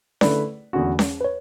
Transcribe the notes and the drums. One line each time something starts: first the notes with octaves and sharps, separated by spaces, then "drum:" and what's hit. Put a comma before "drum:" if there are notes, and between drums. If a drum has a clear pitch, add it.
D3 A3 E4 B4 D5, drum: snare C#4
E2 D3 A3 C#4 F#4
drum: snare C#4
B4
C#5